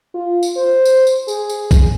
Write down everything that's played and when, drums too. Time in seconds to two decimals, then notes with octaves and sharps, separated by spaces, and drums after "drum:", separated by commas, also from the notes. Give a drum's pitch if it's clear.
0.15 F4
0.43 drum: tambourine
0.57 C5
0.85 drum: tambourine
1.07 drum: tambourine
1.28 G#4, drum: tambourine
1.49 drum: tambourine
1.71 drum: kick B1, tambourine